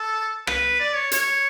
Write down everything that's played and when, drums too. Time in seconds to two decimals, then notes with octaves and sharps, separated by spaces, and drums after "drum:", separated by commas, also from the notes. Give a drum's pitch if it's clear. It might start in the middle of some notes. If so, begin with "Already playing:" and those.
Already playing: A4
0.47 B4, drum: rim click
0.80 D5
0.95 C#5
1.12 C#5, drum: hi-hat